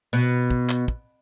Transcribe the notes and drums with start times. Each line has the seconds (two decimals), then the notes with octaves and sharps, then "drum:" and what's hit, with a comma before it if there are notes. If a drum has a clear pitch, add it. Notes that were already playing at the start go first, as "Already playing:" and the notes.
0.13 B2
0.51 drum: kick
0.69 drum: clap
0.88 drum: kick